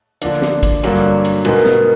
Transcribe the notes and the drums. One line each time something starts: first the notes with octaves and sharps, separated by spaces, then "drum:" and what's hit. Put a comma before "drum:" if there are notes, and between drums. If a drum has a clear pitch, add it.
D3 F3 A#3 D4, drum: cymbal
drum: snare
drum: kick, cymbal
G2 D3 F#3 A#3 C#4, drum: cymbal
drum: cymbal
B2 G#3 B3 D#4 F#4 A#4, drum: cymbal
drum: snare